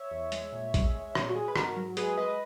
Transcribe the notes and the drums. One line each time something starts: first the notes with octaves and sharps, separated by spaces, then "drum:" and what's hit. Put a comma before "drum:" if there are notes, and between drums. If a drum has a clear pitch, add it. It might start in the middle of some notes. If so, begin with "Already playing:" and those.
Already playing: C#5 E5
E2
G#3, drum: hi-hat
A#2
G#3, drum: kick A#1, hi-hat
G#3
A#2, drum: rim click
F#4
G#3 G#4
B4
G#2 F#4 A#4, drum: rim click
F#3
G#3 G#4 B4, drum: hi-hat
G#3 B4 D#5